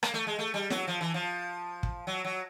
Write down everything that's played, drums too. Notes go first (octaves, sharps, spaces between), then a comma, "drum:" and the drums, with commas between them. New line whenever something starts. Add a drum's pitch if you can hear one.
A#3, drum: rim click
A3
G#3
A3
G3
F#3, drum: snare
F3
E3
F3
drum: kick
F#3
F#3